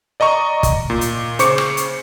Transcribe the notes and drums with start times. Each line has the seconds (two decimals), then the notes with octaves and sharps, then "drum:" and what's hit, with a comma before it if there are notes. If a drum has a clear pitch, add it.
0.20 D5 D#5 A#5 C#6
0.63 drum: kick, hi-hat
0.90 A#2
1.01 drum: hi-hat
1.39 C#3 C5 C#6 D6 C#7, drum: hi-hat
1.58 drum: rim click
1.77 drum: hi-hat